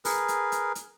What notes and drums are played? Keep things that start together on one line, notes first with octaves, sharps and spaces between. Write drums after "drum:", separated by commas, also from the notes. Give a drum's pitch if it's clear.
G#4 A#4 B4, drum: open hi-hat
drum: hi-hat
drum: hi-hat
drum: hi-hat